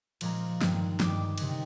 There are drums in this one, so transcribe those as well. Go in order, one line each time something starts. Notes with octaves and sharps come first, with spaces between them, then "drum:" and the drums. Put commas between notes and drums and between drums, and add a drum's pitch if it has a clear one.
A#2 F3 G#3 A#5, drum: cymbal
G2 D#3 G#3, drum: snare
G2 D#3 G#3 D6, drum: snare
C3 D#3 G#3, drum: cymbal